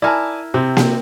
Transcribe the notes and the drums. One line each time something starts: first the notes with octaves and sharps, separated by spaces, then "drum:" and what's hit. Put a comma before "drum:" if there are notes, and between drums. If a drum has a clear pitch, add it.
E4 A#4 D5 G#5 A5
C3 C4
drum: snare A#3